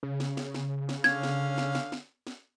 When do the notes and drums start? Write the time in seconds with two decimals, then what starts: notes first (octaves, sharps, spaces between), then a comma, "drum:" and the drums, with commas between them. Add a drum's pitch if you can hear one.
0.03 C#3
0.20 drum: snare
0.37 drum: snare
0.54 drum: snare
0.89 drum: snare
1.04 D3 C#4 F5 G#6, drum: snare
1.23 drum: snare
1.58 drum: snare
1.75 drum: snare
1.92 drum: snare
2.27 drum: snare